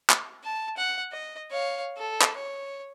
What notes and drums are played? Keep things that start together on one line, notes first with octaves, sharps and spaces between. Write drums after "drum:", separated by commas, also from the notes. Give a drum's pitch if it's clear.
drum: clap
A5
F#5
D#5
C#5 F5
A4
drum: clap
C#5